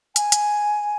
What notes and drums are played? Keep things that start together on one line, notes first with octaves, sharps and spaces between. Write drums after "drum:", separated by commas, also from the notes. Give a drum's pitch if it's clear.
G#5, drum: hi-hat
drum: hi-hat